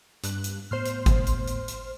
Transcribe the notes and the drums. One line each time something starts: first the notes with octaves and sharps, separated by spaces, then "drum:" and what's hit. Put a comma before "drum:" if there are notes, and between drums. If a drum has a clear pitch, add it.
G2 F#6, drum: hi-hat
drum: hi-hat
A2 B3 C5 C6 F6
drum: hi-hat
drum: kick G1, hi-hat
drum: hi-hat
drum: hi-hat
drum: hi-hat